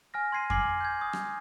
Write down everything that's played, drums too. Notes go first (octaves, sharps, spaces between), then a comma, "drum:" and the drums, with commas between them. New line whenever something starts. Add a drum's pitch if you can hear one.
G#5 F6 A#6
C6 G#6 C7 D#7
G#5 D6 F6 G#6 C7 F#7, drum: kick F2
G6 G#6
D#6
drum: rim click